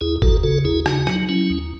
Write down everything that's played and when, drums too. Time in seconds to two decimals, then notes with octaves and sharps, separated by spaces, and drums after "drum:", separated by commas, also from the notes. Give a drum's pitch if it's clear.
0.01 D#2 E4 G#4
0.22 D#2 F#4 A4, drum: kick
0.43 C#3 F#4 A4
0.64 D#2 E4 G#4
0.86 C#3 D#4 F#4, drum: rim click
1.07 F#3, drum: rim click
1.29 F#3 C#4 E4
1.50 D#2